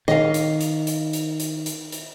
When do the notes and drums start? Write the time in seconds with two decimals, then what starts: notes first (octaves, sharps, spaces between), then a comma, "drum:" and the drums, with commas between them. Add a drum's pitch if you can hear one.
0.08 D#3 D#5 F5, drum: rim click
0.34 drum: hi-hat
0.61 drum: hi-hat
0.87 drum: hi-hat
1.13 drum: hi-hat
1.40 drum: hi-hat
1.66 drum: hi-hat
1.92 drum: hi-hat